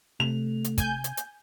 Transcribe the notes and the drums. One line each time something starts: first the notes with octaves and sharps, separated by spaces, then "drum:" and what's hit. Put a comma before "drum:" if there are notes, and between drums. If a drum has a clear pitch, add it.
C3 A3 F7
drum: hi-hat
G#5 G6, drum: kick, hi-hat
drum: hi-hat
drum: hi-hat